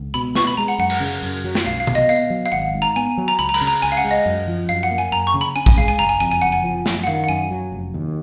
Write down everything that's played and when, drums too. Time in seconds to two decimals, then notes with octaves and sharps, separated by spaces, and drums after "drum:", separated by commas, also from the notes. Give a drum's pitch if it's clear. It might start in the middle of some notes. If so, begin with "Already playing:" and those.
Already playing: C#2
0.14 B2 B5
0.35 B3 C#6, drum: snare
0.47 B5
0.57 G#3 A#5
0.68 F#5, drum: open hi-hat
0.79 F#2 F#5
0.90 drum: cymbal
1.00 C#3
1.23 F#2
1.44 F#3
1.55 drum: snare
1.66 B1 F5
1.80 F5
1.87 B2, drum: tom B2
1.95 D#5
2.09 B3 F5, drum: tambourine
2.30 F#3
2.46 F5
2.52 G#1 F#5
2.74 G#2
2.82 A#5
2.96 B3 G#5
3.18 F#3
3.28 A#5
3.39 C#2 B5
3.49 A#5
3.54 B5, drum: cymbal
3.61 C#3
3.67 A#5
3.82 C#2 G#5
3.92 F5
3.97 F#5
4.04 G#3
4.11 D#5
4.26 F#2
4.47 F3
4.69 F#2 F5
4.83 F#5
4.91 A#3
4.98 G#5
5.12 F#2 A#5
5.27 C#6
5.34 C#3
5.41 B5
5.56 C#4 G#5
5.66 G#5, drum: kick
5.77 G#3 F5
5.88 G#5
5.98 F#1 A#5
6.09 G#5
6.20 F2 G#5
6.31 G#5
6.42 F#1 F#5
6.52 G#5
6.64 F3
6.86 F#2, drum: snare
7.04 F#5
7.07 D#3 F5
7.24 F#5
7.29 F#2 G#5
7.51 F#3
7.72 F1
7.94 D#2